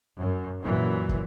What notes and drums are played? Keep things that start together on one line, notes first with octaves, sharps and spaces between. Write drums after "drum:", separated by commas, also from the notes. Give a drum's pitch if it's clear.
F#2
F#2 A#2 E3
drum: kick